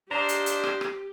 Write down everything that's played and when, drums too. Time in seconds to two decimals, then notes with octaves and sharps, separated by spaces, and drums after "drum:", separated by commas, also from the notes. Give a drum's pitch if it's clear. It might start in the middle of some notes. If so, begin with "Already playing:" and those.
0.11 D4 G4 C5 D#5 F5 A#5
0.29 drum: hi-hat
0.46 drum: hi-hat
0.64 drum: rim click
0.81 drum: rim click